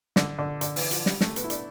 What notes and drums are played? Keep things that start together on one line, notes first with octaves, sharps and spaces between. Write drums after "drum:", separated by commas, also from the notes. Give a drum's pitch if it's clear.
D3, drum: snare
D3
D3, drum: hi-hat
E3, drum: open hi-hat
F3, drum: hi-hat
G3, drum: snare
A3, drum: snare
B3, drum: hi-hat
E4
D4, drum: hi-hat